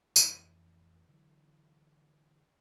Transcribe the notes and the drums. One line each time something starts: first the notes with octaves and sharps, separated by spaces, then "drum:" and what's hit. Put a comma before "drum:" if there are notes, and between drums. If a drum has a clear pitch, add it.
A1 F2 E3, drum: tambourine
D3 E3 F#3